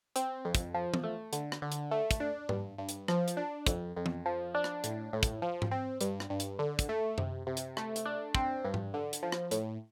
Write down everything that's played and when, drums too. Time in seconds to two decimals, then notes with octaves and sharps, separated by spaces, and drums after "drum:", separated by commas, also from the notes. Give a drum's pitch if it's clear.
0.16 C4, drum: hi-hat
0.45 F2
0.55 drum: kick, hi-hat
0.74 F3
0.94 drum: tom E3
1.04 A3
1.33 D3, drum: hi-hat
1.52 drum: rim click
1.62 D3
1.72 drum: hi-hat
1.91 A3
2.11 drum: kick, hi-hat
2.20 D4
2.49 G2, drum: tom G#2
2.78 G2
2.89 drum: hi-hat
3.08 F3, drum: rim click
3.28 drum: hi-hat
3.37 D4
3.67 F2, drum: kick, hi-hat
3.97 F2
4.06 drum: tom E3
4.26 F3
4.55 D4
4.64 drum: rim click
4.84 A2, drum: hi-hat
5.13 A2
5.23 drum: kick, hi-hat
5.42 F3
5.62 drum: tom G#2
5.71 C4
6.01 G2, drum: hi-hat
6.20 drum: rim click
6.30 G2
6.40 drum: hi-hat
6.59 D3
6.79 drum: kick, hi-hat
6.89 A3
7.18 C3, drum: tom F#2
7.47 C3
7.57 drum: hi-hat
7.77 A3, drum: rim click
7.96 drum: hi-hat
8.06 D4
8.35 C4, drum: kick
8.65 G2
8.74 drum: tom G#2
8.94 D3
9.13 drum: hi-hat
9.23 F3
9.32 drum: rim click
9.51 A2, drum: hi-hat